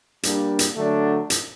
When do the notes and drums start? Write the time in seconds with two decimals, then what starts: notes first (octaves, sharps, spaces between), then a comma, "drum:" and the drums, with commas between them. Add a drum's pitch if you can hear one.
0.23 G3 A#3 D4, drum: hi-hat
0.59 drum: hi-hat
0.77 D3 F#3 A3 D4
1.30 drum: hi-hat